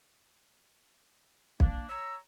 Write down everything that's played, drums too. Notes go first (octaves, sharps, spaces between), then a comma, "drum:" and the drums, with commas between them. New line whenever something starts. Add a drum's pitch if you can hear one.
A#3 D4, drum: kick B1
C#5 A#5 E6